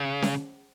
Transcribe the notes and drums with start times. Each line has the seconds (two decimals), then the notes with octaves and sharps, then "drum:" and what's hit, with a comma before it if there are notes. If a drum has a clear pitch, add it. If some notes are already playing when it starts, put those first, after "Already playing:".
Already playing: C#3
0.22 drum: snare C#4